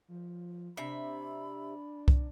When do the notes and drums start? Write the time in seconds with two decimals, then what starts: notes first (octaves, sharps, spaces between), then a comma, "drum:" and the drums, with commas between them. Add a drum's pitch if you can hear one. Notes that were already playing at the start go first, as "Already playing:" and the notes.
0.08 F3
0.77 C3 D4 E5 B5
2.08 drum: kick C2